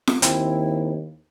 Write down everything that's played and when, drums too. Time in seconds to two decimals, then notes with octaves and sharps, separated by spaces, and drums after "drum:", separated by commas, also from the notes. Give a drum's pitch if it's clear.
0.07 drum: snare F4
0.22 D#2 C4 E4, drum: hi-hat